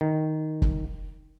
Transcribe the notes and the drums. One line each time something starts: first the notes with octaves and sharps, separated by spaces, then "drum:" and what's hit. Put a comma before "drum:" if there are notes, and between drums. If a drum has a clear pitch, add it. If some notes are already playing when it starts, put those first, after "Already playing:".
D#3
drum: kick